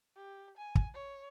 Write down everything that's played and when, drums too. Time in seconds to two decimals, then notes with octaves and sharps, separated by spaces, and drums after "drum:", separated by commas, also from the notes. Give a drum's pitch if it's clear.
0.17 G4
0.57 G#5
0.75 drum: kick
0.94 C#5